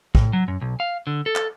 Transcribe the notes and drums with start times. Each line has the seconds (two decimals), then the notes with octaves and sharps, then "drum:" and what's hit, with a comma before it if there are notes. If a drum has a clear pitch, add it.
0.15 A2, drum: kick
0.33 F#3
0.48 F#2
0.61 B1
0.80 F5
1.07 D3
1.26 A4
1.36 drum: clap